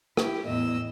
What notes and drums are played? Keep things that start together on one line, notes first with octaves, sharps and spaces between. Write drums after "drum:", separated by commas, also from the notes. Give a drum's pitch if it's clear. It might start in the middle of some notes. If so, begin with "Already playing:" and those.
E4 G4, drum: rim click
E2 A2 D#5 E6